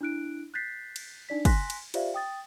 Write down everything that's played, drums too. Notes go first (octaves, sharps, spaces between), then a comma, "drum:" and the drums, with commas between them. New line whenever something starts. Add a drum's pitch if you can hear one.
D4 E4 F#6 D7
F#6 G6 A6 B6 C7
drum: cymbal
D4 D#4 D5 B6
G#5 C6 F#6 A#6 B6, drum: kick, cymbal
drum: cymbal
F4 G4 C5 D5 E5 F5, drum: cymbal
G5 D#6 A6